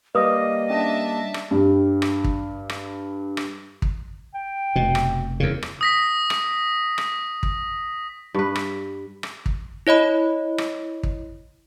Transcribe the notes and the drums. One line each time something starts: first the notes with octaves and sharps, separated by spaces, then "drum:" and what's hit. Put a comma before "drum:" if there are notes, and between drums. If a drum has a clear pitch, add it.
G3 A#3 B4 D#5 D#6
C#4 D4 E5 A5
drum: rim click
G2 G3
drum: rim click
drum: kick
drum: rim click
drum: rim click
drum: kick
G5
F1 B2
drum: rim click
E2 C#3 A#4
drum: rim click
D#6 A#6 B6
drum: rim click
drum: rim click
drum: kick
G2 B4
drum: rim click
drum: rim click
drum: kick
E4 C#5 D#5 B5
drum: rim click
drum: kick